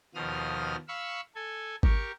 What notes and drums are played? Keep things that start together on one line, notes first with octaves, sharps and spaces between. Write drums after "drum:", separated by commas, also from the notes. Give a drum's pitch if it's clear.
D#2 B2 F3 D#6 F6
F5 B5 C#6 E6
A4 G#5
G4 A#4 C#6, drum: kick G#1